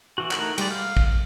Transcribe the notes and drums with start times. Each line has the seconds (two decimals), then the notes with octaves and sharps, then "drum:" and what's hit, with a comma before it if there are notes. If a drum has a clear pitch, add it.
0.18 E3 F#4
0.31 A3 D#4 E4 A#4 F#5, drum: clap
0.58 G3 G#3 D5, drum: cymbal
0.71 F5
0.97 drum: kick